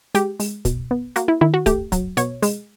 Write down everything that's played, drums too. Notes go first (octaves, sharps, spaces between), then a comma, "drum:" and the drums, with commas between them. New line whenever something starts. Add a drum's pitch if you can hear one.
G#3 G4, drum: hi-hat
G#3, drum: open hi-hat
B2, drum: kick, hi-hat
B3
A#3 F#4, drum: hi-hat
E4
D#3 E4
F#4
A3 G4, drum: kick, hi-hat
F#3, drum: kick, hi-hat
B2 C#5, drum: hi-hat
G#3, drum: open hi-hat